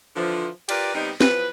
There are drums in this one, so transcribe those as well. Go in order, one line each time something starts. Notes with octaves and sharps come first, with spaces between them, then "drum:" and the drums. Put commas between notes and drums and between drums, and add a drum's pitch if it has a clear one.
D3 E3 F3
F4 G4 A#4 B4 D5, drum: cymbal
C3 G3 B3 D#4
E2 F3 B4, drum: snare